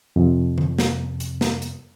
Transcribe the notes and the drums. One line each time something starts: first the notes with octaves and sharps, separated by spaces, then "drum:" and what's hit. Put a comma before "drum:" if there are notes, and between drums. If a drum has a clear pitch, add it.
F2 C3
drum: tom D3
drum: snare
drum: hi-hat
drum: snare
drum: hi-hat